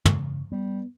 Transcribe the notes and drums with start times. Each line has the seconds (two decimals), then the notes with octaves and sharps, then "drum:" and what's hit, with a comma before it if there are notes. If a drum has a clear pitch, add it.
0.05 C#3, drum: tom
0.52 G3 B3